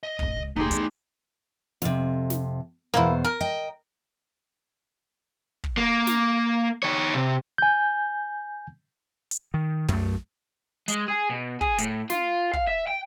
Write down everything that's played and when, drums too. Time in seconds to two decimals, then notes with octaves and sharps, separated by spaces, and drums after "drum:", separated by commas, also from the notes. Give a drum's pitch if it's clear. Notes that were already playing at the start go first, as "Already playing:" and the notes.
0.03 D#5
0.19 D1 F2, drum: kick
0.37 C#2
0.56 F1 D#2 A3 D#4 G4 G#4 C6
0.71 E2, drum: hi-hat
1.82 F2 C3, drum: snare
2.30 drum: snare
2.94 E2 B2 A#3 E4 C5
3.25 A#4
3.41 D#5 G5
5.64 drum: kick
5.77 A#3
6.07 drum: snare
6.83 D#3 C#5
7.14 C3
7.58 G#5 G6
9.31 drum: hi-hat
9.54 D#3
9.88 F#2 A3, drum: tom
10.88 G#3, drum: hi-hat
11.08 G#4
11.30 B2
11.61 G#4, drum: kick
11.78 A2, drum: hi-hat
12.10 F4, drum: snare
12.53 F5, drum: kick
12.67 E5
12.87 G5